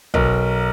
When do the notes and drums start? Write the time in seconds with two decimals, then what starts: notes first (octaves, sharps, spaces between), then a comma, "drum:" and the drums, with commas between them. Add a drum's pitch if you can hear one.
0.14 B1 A#4, drum: kick